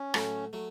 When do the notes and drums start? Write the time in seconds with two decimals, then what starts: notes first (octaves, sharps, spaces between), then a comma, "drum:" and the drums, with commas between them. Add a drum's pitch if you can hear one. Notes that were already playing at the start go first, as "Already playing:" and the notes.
Already playing: C#4
0.14 A2 F#3 A3, drum: rim click
0.53 F#3 A3